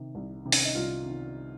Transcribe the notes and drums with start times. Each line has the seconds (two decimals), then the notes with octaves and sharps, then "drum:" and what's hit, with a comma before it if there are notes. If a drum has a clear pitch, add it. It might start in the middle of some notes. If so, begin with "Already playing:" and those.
Already playing: C3 D#3
0.15 C2
0.46 C3 D#3
0.52 C#4, drum: open hi-hat
0.65 D#4
0.75 C2 F4
1.06 C3 D#3